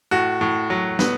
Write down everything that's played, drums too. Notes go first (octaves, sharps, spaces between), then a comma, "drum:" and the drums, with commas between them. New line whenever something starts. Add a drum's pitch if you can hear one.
A2 F#4
A2
F#3
B3, drum: snare